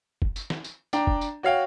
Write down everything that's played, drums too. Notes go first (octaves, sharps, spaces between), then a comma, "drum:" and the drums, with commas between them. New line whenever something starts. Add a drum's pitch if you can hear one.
drum: kick
drum: tambourine
drum: snare
drum: tambourine
D4 G5 A#5, drum: tambourine
drum: kick
drum: tambourine
F#4 C#5 F5 G5